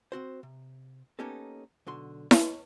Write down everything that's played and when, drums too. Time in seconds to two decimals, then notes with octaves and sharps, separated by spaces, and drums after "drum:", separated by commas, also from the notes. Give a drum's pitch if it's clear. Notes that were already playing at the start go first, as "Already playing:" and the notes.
0.12 C4 F#4 C5
0.43 C3
1.19 A#3 B3 C#4 D#4 G4 A4
1.87 B1 D3 F#4 C6
2.31 C#5, drum: snare E4